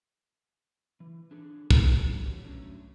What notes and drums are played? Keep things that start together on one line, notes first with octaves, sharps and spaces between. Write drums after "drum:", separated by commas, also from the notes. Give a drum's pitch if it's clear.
E3
D4 G#4 A4
A4 C#5 A5, drum: kick
G3 B3 D4 F#4
D#3 E3 F#4 G4 C#5
F#3 A3 C#4 D4